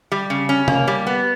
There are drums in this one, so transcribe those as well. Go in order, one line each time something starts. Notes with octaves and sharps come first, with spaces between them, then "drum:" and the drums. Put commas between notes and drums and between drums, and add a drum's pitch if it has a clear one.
G3
C#3
C#4
A#3, drum: tom C3
G3
B3